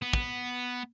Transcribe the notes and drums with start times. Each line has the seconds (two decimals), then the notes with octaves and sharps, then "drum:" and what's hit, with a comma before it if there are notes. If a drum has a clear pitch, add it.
0.02 B3
0.13 drum: kick